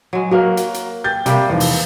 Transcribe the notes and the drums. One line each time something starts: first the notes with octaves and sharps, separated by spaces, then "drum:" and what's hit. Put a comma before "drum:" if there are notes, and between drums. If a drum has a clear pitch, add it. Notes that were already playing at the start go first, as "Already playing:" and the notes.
F#3 G#3
F#3 A#3 F#4 A#4
drum: hi-hat
drum: hi-hat
G5 G6 A6
C3 G3 A#3, drum: hi-hat
E2 G#2 F3
drum: open hi-hat